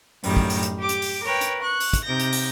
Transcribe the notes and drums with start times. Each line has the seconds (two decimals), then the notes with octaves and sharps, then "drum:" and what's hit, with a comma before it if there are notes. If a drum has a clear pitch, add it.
0.24 F#2 A2 D#3 G3, drum: open hi-hat
0.37 drum: kick
0.50 drum: open hi-hat
0.63 drum: hi-hat
0.79 G4 D6
0.89 drum: hi-hat
1.02 drum: open hi-hat
1.24 A#4 B4 C#5 G5
1.41 drum: hi-hat
1.63 C#6 F#6
1.80 drum: open hi-hat
1.93 drum: kick, hi-hat
2.03 C3 D#4 G6 A#6
2.20 drum: hi-hat
2.33 drum: open hi-hat